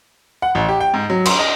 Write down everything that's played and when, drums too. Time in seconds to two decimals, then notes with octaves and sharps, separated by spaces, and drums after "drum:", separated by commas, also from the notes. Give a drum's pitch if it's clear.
0.42 F#5
0.55 A1
0.68 G4
0.81 G5
0.94 G#2
1.10 F#3
1.25 C6, drum: cymbal
1.39 D#5